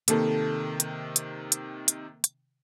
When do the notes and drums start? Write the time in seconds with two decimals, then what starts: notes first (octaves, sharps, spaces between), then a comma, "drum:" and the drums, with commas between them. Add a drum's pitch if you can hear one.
0.08 C3 D#3 A#3 A4, drum: hi-hat
0.80 drum: hi-hat
1.16 drum: hi-hat
1.52 drum: hi-hat
1.88 drum: hi-hat
2.24 drum: hi-hat